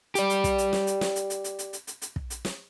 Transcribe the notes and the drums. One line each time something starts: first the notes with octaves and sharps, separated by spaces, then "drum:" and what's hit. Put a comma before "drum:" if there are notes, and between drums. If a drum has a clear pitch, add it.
G4 D5, drum: hi-hat
drum: hi-hat
drum: kick, hi-hat
drum: hi-hat
drum: snare
drum: hi-hat
drum: snare
drum: hi-hat
drum: hi-hat
drum: hi-hat
drum: hi-hat
drum: hi-hat
drum: hi-hat
drum: hi-hat
drum: kick
drum: hi-hat
drum: snare